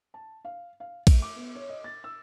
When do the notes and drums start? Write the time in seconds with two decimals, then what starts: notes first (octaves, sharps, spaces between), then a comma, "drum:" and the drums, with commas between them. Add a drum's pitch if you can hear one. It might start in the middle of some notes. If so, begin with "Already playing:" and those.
0.14 A5
0.45 F5
0.80 F5
1.07 F1, drum: kick A#1, cymbal
1.22 D6
1.36 B3
1.55 C#5
1.69 D#5
1.84 A6
2.04 E6